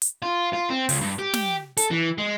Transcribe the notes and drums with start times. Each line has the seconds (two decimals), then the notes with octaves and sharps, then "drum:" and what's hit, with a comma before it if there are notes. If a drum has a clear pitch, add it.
0.02 drum: hi-hat
0.23 F4
0.53 F4
0.70 C4
0.89 C#2, drum: open hi-hat
1.01 G2
1.19 G4
1.33 drum: snare
1.77 A4, drum: hi-hat
1.91 E3
2.18 G#3